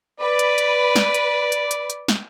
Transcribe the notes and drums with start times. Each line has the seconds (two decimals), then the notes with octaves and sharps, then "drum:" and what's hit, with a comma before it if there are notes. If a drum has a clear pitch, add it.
0.20 B4 D5
0.39 drum: hi-hat
0.58 drum: hi-hat
0.96 drum: snare
1.14 drum: hi-hat
1.52 drum: hi-hat
1.71 drum: hi-hat
1.90 drum: hi-hat
2.08 drum: snare